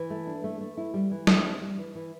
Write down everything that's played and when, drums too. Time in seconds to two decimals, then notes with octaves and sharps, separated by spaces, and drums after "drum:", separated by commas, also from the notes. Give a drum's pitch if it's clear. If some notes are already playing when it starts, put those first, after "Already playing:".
Already playing: E3
0.10 A3
0.27 D4
0.44 A3
0.61 A3
0.77 E4
0.94 G3
1.11 E3
1.27 E4, drum: snare
1.44 C4
1.61 G3
1.78 E3
1.95 E3